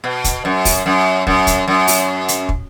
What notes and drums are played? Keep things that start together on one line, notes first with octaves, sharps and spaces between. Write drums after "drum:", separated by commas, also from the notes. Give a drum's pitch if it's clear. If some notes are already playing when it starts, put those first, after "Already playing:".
B2
drum: kick, hi-hat
F#2
drum: kick, open hi-hat
F#2
F#2, drum: kick
drum: kick, hi-hat
F#2
drum: open hi-hat
drum: hi-hat
drum: kick